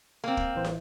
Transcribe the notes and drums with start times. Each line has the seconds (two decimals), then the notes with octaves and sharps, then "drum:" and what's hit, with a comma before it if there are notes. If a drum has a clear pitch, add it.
0.24 A#3 C4
0.37 drum: kick
0.55 A1 E3 C5
0.65 drum: snare